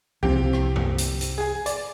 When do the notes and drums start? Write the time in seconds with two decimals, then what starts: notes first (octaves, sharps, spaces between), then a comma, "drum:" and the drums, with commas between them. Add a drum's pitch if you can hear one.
0.23 C2 C3 F3 C4 G4
0.53 drum: rim click
0.76 drum: tom F#2
0.98 drum: hi-hat
1.21 drum: hi-hat
1.38 G#4 G#5
1.66 D5, drum: hi-hat